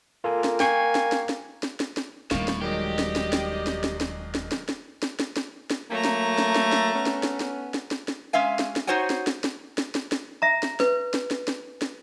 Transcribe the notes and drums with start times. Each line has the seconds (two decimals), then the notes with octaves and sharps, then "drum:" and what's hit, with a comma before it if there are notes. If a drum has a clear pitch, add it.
0.24 A#3 F4 A4 G#5
0.44 drum: snare
0.60 G5 G#5 C#6 C7, drum: snare
0.95 drum: snare
1.12 drum: snare
1.29 drum: snare
1.63 drum: snare
1.80 drum: snare
1.97 drum: snare
2.31 D#1 A2 D#3 G3 F5, drum: snare
2.48 drum: snare
2.61 D#3 F#3 G#3 G4 D5 D#5
2.99 drum: snare
3.16 drum: snare
3.33 drum: snare
3.67 drum: snare
3.84 drum: snare
4.01 drum: snare
4.35 drum: snare
4.52 drum: snare
4.69 drum: snare
5.03 drum: snare
5.20 drum: snare
5.37 drum: snare
5.71 drum: snare
5.91 F#3 A3 A#3 A4 A#5
6.04 drum: snare
6.38 drum: snare
6.55 drum: snare
6.72 drum: snare
6.94 B3 C#4
7.06 drum: snare
7.23 drum: snare
7.40 drum: snare
7.74 drum: snare
7.91 drum: snare
8.08 drum: snare
8.33 G#3 C#4 E5 F5 G#5
8.59 drum: snare
8.76 drum: snare
8.87 D#4 F#4 C5 C#5 F#5 G#5
9.10 drum: snare
9.27 drum: snare
9.44 drum: snare
9.78 drum: snare
9.95 drum: snare
10.12 drum: snare
10.42 E5 A#5
10.63 drum: snare
10.80 B4, drum: snare
11.14 drum: snare
11.31 drum: snare
11.48 drum: snare
11.82 drum: snare